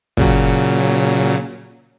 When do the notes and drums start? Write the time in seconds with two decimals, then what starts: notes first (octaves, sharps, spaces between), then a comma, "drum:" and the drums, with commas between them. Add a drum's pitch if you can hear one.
0.17 A#2 C#3 F#3, drum: kick